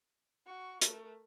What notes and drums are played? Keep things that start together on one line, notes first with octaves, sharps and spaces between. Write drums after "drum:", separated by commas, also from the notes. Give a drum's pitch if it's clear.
F#4 C#6
A3 A#4, drum: hi-hat